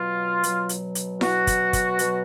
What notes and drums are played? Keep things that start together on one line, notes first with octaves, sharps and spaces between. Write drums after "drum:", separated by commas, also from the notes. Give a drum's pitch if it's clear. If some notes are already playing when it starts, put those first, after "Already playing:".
Already playing: B2 F#3 F4
B2 F#3, drum: hi-hat
drum: hi-hat
drum: hi-hat
B2 F#3 F#4, drum: snare E4
drum: kick, hi-hat
drum: kick, hi-hat
B2 F#3, drum: hi-hat